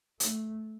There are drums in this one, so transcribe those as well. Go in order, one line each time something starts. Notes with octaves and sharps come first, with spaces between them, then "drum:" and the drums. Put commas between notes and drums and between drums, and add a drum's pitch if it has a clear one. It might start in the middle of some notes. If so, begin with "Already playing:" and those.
A3, drum: hi-hat